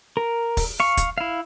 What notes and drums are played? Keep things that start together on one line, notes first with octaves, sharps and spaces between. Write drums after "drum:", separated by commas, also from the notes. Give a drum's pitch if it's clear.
A#4
drum: kick, open hi-hat
F5 C#6
drum: kick, hi-hat
E4 F5